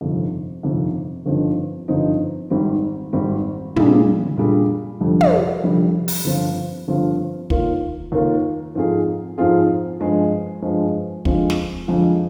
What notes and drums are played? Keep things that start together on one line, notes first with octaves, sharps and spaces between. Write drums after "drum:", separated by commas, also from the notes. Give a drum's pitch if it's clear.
G1 F2 C3 D#3
G1 F2 C3 D#3
G1 G2 F3 C4 D#4
G1 G2 F3 C4 D#4
G#1 G#2 G3 C4
G#1 G#2 G3 C4
A#2 G3 D4 G#4, drum: tom
A#2 G3 D4 G#4
F1 F2 D3 G3
drum: tom
F1 F2 D3 G3
drum: open hi-hat
G1 G2 F3 C4 F4
G1 G2 F3 C4 F4
D#2 D#3 A#3 F4, drum: kick
D#2 D#3 A#3 F4
G#2 F3 C4 F4 G#4
G#2 F3 C4 F4 G#4
G2 F3 G#3
G2 F3 G#3
F2 D3 G#3 C4 F4, drum: kick
drum: snare
F2 D3 G#3 C4 F4